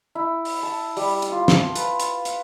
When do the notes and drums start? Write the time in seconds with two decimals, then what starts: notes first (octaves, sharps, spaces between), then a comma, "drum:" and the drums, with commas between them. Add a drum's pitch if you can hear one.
0.15 E4
0.45 drum: open hi-hat
0.63 A5
0.97 G3, drum: open hi-hat
1.22 drum: hi-hat
1.32 F4
1.48 drum: snare
1.75 B4, drum: hi-hat
2.00 drum: hi-hat
2.25 drum: hi-hat